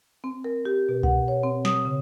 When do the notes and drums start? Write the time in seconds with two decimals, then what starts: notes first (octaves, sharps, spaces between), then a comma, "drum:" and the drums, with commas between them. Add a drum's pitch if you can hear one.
0.24 C4
0.44 A#4
0.65 G4
0.89 B2
1.03 F#5, drum: kick C2
1.28 C#5
1.44 C4
1.65 D#6, drum: snare
1.85 C#3